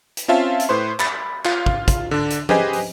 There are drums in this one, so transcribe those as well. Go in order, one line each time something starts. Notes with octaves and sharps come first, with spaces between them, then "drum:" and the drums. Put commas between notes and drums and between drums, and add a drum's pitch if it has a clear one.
drum: hi-hat
C4 C#4 F4 E5 F5 A5
drum: hi-hat
A2 B4 C5 C6
B5 A6, drum: clap
F4 F5, drum: clap
drum: kick
drum: kick, hi-hat
D3 D4
drum: hi-hat
G4 G#4 B4 C5 D#5 G#5, drum: tom F3
drum: open hi-hat